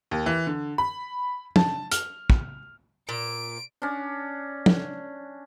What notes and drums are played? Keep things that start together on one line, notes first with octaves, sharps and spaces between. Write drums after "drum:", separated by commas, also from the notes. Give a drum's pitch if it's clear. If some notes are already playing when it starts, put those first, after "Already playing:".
D#2
E3
D3
B5
A5, drum: tom
F6, drum: hi-hat
drum: kick
A#2 D7
C#4 D4
drum: tom